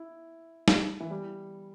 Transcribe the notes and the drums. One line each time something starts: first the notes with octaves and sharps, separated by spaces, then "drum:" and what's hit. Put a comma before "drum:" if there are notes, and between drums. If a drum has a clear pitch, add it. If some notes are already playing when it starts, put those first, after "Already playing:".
Already playing: E4
drum: snare
E3
G3